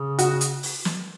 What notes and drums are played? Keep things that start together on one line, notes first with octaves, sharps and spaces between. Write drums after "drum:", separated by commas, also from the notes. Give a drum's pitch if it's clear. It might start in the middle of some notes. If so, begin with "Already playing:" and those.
Already playing: C#3
F#4, drum: hi-hat
drum: hi-hat
drum: open hi-hat
drum: snare